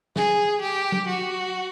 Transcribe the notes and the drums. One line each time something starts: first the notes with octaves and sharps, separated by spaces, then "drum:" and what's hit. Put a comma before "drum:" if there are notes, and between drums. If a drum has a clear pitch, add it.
G#4, drum: snare
G4
drum: tom F#3
F#4